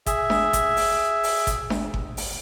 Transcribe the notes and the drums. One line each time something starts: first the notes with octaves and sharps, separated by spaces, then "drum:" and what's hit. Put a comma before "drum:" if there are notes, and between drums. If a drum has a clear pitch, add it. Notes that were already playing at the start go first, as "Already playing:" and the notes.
G#4 E5, drum: kick G1, hi-hat
drum: snare D4
drum: kick G1, hi-hat
drum: open hi-hat
drum: open hi-hat
drum: kick G1, hi-hat
drum: snare D4
drum: kick G1
drum: open hi-hat